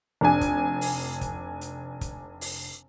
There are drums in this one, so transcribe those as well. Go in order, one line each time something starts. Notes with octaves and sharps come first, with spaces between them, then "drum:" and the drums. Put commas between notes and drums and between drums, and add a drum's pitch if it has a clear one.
F1 D4 G#5
drum: kick, hi-hat
drum: open hi-hat
drum: kick, hi-hat
drum: hi-hat
drum: kick, hi-hat
drum: open hi-hat